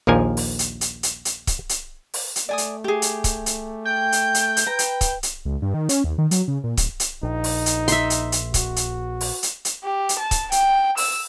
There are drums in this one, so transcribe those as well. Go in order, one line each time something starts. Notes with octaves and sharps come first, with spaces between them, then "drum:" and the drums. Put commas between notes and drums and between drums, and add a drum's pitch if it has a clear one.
A#1 D#2 F3 A#4 G#5
drum: open hi-hat
drum: hi-hat
drum: hi-hat
drum: hi-hat
drum: hi-hat
drum: kick C#1, hi-hat
drum: hi-hat
drum: open hi-hat
drum: hi-hat
A3 D5 G#5 D#6
drum: hi-hat
G4 G#4
drum: hi-hat
drum: kick C#1, hi-hat
drum: hi-hat
G5 G6
drum: hi-hat
drum: hi-hat
drum: hi-hat
B4 A#5
drum: hi-hat
drum: kick C#1, hi-hat
drum: hi-hat
C#2
G2
D#3
C#4, drum: hi-hat
D#2
D#3
F#3, drum: hi-hat
C#3
A#2
D1, drum: kick C#1, hi-hat
drum: hi-hat
A#1 D#4
drum: open hi-hat
drum: hi-hat
E5 C6, drum: hi-hat
drum: hi-hat
drum: hi-hat
F#4, drum: kick C#1, hi-hat
drum: hi-hat
drum: open hi-hat
drum: hi-hat
drum: hi-hat
G4
drum: hi-hat
A5
drum: kick C#1, hi-hat
G5, drum: hi-hat
E6, drum: open hi-hat